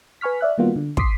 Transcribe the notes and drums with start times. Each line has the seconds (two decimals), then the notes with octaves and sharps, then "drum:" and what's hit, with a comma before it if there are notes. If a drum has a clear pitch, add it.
0.21 B4 G#5 C#6 F6 B6
0.41 D5 E5 F#6
0.58 D#3 G3 A#3 B3 F4 F#4
0.76 D3
0.97 C6 D6 D#6 B6 C7, drum: kick